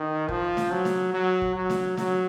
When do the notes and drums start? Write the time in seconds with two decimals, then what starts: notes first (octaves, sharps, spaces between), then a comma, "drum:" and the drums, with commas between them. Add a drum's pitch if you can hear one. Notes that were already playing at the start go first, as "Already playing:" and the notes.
Already playing: D#3
0.28 F3, drum: kick
0.57 drum: snare
0.71 F#3
0.85 drum: snare
1.14 F#3
1.41 drum: kick
1.56 F#3
1.70 drum: snare
1.97 F#3, drum: snare